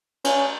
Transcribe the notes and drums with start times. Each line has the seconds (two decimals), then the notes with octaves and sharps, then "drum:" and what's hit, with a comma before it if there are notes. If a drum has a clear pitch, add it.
0.24 C#4, drum: cymbal